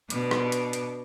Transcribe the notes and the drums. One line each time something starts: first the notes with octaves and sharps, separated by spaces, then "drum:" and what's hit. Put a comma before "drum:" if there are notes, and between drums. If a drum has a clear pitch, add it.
B2 D4, drum: hi-hat
drum: rim click
drum: hi-hat
drum: hi-hat